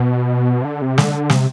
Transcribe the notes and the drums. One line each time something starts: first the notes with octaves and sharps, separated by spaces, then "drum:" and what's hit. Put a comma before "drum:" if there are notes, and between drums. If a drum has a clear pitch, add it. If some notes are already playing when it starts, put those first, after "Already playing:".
Already playing: B2
C3
D3
C3
D3, drum: snare
C3, drum: snare